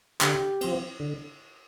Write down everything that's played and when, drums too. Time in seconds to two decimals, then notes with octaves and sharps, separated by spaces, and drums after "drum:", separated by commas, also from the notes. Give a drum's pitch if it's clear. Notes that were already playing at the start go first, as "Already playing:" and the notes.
0.21 D3 G4, drum: clap
0.61 F3 C4, drum: cymbal
1.00 D3